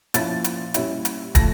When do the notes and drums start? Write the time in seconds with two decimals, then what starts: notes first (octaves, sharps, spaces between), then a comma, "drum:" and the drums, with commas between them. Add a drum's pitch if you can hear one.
0.14 A#2 F3 C#4 E4 A6, drum: hi-hat
0.44 drum: hi-hat
0.74 A#2 G3 C#4 E4, drum: hi-hat
1.05 drum: hi-hat
1.35 F3 A3 A#6, drum: kick, hi-hat